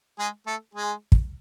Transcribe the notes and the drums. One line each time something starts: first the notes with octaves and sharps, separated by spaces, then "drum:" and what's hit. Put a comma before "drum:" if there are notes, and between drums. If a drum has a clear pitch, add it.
G#3 G#4
A3 A4
G#3 G#4
drum: kick